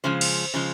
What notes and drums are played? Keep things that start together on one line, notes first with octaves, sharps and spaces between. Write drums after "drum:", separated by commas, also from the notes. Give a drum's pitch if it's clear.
C#3 F3 G#3 C5
drum: cymbal
C#3 F3 G#3